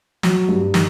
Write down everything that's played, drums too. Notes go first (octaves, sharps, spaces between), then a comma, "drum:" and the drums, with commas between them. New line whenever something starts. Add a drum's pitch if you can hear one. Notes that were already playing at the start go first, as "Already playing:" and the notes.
F#3, drum: snare
G2
D#3, drum: snare